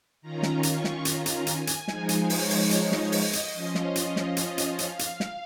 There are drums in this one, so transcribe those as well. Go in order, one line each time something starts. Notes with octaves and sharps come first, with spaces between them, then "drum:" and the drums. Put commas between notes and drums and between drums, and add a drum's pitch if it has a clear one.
D#3 C#4 F4 A#5
drum: snare
C#6, drum: hi-hat
drum: snare
A#5, drum: hi-hat
drum: hi-hat
G#5, drum: hi-hat
drum: hi-hat
F3 G#3 D#4, drum: snare
drum: hi-hat
C#5, drum: open hi-hat
drum: open hi-hat
drum: hi-hat
drum: snare
D#5, drum: open hi-hat
drum: hi-hat
F3 C#4 F4
drum: snare
drum: hi-hat
drum: snare
D#5, drum: hi-hat
drum: hi-hat
F5, drum: hi-hat
drum: hi-hat
drum: snare